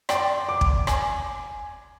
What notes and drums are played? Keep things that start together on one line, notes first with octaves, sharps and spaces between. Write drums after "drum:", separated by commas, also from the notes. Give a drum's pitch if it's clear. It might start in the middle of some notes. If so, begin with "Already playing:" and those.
D5 G5 C6, drum: rim click
D6
drum: kick
G#5, drum: rim click